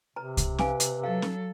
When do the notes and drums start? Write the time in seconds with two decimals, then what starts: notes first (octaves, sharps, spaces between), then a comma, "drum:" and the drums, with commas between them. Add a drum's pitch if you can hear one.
0.16 C3 B4 A#5
0.37 drum: kick C2, hi-hat
0.58 B4 F5 G#5 D6, drum: snare
0.80 drum: hi-hat
1.03 F#3 A4 F5
1.22 drum: snare